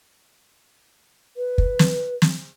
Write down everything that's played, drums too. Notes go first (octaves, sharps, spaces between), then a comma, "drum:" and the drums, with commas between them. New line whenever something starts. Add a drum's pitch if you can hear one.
B4
drum: kick
drum: snare
drum: snare